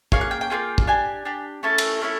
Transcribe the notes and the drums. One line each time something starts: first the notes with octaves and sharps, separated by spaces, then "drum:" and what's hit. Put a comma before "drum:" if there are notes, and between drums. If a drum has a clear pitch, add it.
A#3 C#4 G#4 F5, drum: kick
F#5
G5
G5
A#3 C#4 F4 G#4
drum: kick
D4 G4 G#5
D4 G4
A3 C#4 E4 A4 A5
drum: cymbal
A3 C#4 E4 A4